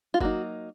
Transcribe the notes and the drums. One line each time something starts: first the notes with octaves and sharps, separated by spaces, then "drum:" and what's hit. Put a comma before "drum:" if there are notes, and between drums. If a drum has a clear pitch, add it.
F4
F#3 A#3 D#4 F#4, drum: kick F#1